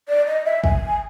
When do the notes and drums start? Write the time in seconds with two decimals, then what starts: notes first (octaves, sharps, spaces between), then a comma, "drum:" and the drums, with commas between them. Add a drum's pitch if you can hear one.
0.08 D5
0.27 D#5
0.45 E5
0.64 G#5, drum: kick